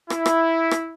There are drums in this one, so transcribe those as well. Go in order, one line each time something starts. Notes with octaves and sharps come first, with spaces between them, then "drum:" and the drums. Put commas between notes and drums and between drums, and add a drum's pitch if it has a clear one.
E4, drum: rim click
drum: rim click
drum: rim click